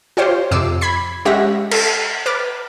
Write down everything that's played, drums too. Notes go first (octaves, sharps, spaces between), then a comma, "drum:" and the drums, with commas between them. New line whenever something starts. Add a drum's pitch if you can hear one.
F4 G4 C5 C#5
F2 C3 D6 E6 C7
B5 G#6 B6 C7
G#3 C#4 G4 E5 F#5 A#6
A4, drum: cymbal
B4 D6 F6 A6